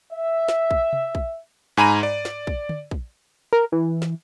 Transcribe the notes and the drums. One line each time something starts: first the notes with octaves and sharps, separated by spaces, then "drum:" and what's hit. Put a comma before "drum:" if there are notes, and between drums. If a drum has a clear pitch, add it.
E5
drum: snare
drum: kick
drum: tom C3
drum: kick
G#2 G#5 A#5 B5 D#7
D5
drum: snare
drum: kick
drum: tom
drum: kick
A#4
E3
drum: snare